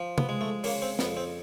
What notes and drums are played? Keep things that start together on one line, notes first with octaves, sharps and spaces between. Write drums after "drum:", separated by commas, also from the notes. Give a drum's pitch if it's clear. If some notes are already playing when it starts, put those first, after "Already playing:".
Already playing: F3
B3, drum: tom
G#3
A3
C#3 A#3, drum: open hi-hat
C4
F2 B3, drum: snare
C4